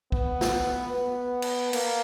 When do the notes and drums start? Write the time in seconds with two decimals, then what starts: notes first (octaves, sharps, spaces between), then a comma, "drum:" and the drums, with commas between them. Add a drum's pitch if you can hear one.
0.12 B3, drum: kick
0.41 drum: snare
0.93 B3
1.42 drum: cymbal
1.73 A#3, drum: cymbal